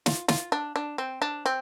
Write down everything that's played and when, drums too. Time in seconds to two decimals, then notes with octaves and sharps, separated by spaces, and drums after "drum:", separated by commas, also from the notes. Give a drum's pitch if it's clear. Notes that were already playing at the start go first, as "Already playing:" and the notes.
0.06 F4, drum: snare
0.28 F4, drum: snare
0.52 D4
0.76 D4
0.98 C4
1.22 D4
1.46 C4